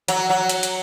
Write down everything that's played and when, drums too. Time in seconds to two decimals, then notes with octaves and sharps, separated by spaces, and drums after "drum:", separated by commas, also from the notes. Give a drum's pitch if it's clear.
0.08 F#3, drum: hi-hat
0.30 F#3
0.49 drum: hi-hat
0.63 drum: hi-hat